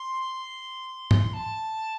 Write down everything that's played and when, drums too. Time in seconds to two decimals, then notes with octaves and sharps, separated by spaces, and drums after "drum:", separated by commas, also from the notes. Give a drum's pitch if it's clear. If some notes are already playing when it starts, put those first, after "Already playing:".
Already playing: C6
1.11 drum: tom G#2
1.33 A5